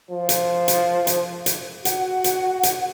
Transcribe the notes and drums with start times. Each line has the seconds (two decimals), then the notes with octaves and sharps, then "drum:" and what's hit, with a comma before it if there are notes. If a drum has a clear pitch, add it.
0.11 F3
0.29 drum: hi-hat
0.68 drum: hi-hat
1.07 drum: hi-hat
1.46 drum: hi-hat
1.85 F#4 F#5, drum: hi-hat
2.24 drum: hi-hat
2.63 drum: hi-hat